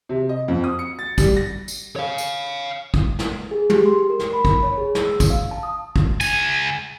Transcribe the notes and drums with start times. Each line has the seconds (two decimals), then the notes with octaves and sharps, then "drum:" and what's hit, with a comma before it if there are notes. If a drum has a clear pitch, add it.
0.09 C3
0.29 D#5
0.48 F2
0.64 D#6
0.79 C#7
0.99 A6
1.18 G3, drum: kick, tambourine
1.37 A#6
1.68 drum: tambourine
1.96 C#5 F5
2.18 drum: tambourine
2.94 drum: kick
3.19 drum: snare
3.51 G#4
3.70 G4, drum: tom
3.86 C6
4.10 A#4
4.19 drum: snare
4.33 B5
4.45 drum: kick
4.63 C#5
4.78 G#4
4.95 drum: snare
5.05 E6
5.20 drum: kick, tambourine
5.30 F5
5.51 A5
5.63 D#6
5.96 drum: kick
6.21 C#2 G#5, drum: tambourine